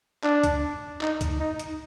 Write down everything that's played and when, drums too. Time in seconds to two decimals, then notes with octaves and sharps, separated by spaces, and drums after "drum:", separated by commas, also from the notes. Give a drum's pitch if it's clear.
0.24 D4, drum: clap
0.43 drum: kick C#2, hi-hat
1.01 D#4, drum: clap
1.21 drum: kick C#2, hi-hat
1.40 D#4
1.59 drum: hi-hat